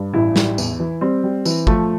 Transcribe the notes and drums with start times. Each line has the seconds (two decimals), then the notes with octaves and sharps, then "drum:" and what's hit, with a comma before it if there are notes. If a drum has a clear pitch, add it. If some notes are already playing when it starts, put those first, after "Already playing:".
Already playing: G2
0.14 A1 E4
0.36 G3, drum: snare
0.58 E2, drum: tambourine
0.80 E3
1.01 G3 C4
1.24 G3
1.45 E3, drum: tambourine
1.67 F3 A3, drum: kick